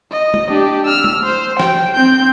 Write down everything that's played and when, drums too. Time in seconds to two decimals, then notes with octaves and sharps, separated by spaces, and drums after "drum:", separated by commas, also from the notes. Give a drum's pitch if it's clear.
0.11 D#5
0.34 drum: tom
0.50 D4 G4
0.87 E6 F6
1.04 drum: tom
1.24 C5
1.60 G5, drum: snare
1.95 C4 G6